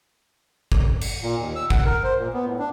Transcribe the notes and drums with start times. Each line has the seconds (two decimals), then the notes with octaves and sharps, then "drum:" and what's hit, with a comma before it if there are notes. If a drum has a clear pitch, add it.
0.72 drum: kick
1.01 drum: cymbal
1.23 A#2
1.38 D#2
1.56 E6
1.70 F#5, drum: kick
1.85 A#4
2.04 C5
2.19 A#2
2.33 B3
2.46 A2
2.59 D4